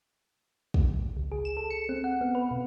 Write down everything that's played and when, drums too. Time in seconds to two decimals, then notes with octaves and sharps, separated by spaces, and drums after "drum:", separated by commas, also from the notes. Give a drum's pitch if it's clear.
0.74 drum: kick
1.17 C#2
1.32 G#4
1.45 E7
1.57 A4
1.70 C#7
1.89 C4
2.04 F#5
2.21 B3
2.35 B4
2.51 B2